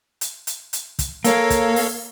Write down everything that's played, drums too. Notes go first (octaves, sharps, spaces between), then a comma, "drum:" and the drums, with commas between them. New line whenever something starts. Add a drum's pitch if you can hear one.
drum: hi-hat
drum: hi-hat
drum: hi-hat
drum: kick, hi-hat
A#3 A4 C#5 F5, drum: hi-hat
drum: kick, hi-hat
drum: open hi-hat